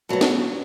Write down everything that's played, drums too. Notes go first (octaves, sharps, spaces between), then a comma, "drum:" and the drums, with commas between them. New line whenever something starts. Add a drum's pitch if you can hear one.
G2 F#3 B3
drum: snare